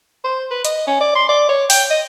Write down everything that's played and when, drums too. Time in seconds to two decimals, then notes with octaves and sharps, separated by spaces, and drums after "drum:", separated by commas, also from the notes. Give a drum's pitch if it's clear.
0.24 C5
0.51 B4
0.65 D#5, drum: hi-hat
0.87 C#4
1.01 D5
1.15 C6
1.29 D5
1.49 C#5
1.70 G5, drum: open hi-hat
1.90 D#5